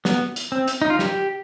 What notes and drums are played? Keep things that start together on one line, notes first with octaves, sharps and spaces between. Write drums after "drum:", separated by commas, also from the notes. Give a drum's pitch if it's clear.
B3, drum: snare
drum: hi-hat
C4
drum: hi-hat
D#4
F4
G4, drum: snare